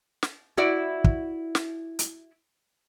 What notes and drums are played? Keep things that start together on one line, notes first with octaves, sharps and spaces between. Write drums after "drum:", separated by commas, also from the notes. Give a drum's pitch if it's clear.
drum: snare
E4 F#4 D5
drum: kick
drum: snare
drum: hi-hat